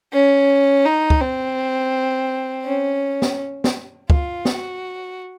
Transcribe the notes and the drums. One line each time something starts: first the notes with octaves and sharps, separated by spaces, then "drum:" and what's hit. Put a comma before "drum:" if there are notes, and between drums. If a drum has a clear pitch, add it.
C#4
D#4
drum: kick
C4
C#4
drum: snare
drum: snare
F4, drum: kick
F#4, drum: snare